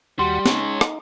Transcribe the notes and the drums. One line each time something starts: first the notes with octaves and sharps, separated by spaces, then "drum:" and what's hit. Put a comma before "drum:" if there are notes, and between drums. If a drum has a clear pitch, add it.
D#2 G3 F#4 F#5 C6
G#3 C#4 D#4 C#5, drum: snare
D#4, drum: rim click